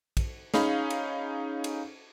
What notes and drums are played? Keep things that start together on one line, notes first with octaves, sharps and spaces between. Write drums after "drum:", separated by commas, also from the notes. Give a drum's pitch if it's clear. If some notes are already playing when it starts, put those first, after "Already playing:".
drum: kick, cymbal
C#4 D#4 G#4 F5 B5, drum: snare
drum: cymbal
drum: cymbal